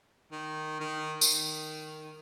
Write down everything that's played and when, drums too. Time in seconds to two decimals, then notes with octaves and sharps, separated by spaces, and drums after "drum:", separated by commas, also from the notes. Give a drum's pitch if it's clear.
0.32 D#3
0.80 D#3
1.21 D#3, drum: tambourine